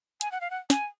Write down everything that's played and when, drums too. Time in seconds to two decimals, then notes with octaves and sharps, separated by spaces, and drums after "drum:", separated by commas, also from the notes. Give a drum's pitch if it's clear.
0.21 G#5, drum: hi-hat
0.32 F#5
0.41 F5
0.50 F#5
0.70 G#5, drum: snare